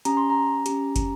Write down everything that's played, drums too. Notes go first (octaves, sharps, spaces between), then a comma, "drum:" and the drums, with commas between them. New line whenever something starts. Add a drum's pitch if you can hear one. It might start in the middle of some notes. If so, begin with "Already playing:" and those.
C#4 G4 A#5, drum: hi-hat
C6
A#5
C#4 G4, drum: hi-hat
drum: kick, hi-hat